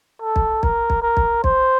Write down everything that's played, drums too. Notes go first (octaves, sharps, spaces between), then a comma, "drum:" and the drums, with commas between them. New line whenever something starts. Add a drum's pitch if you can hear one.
A4
drum: kick B1
A#4, drum: kick B1
drum: kick B1
A#4
drum: kick B1
C5, drum: kick B1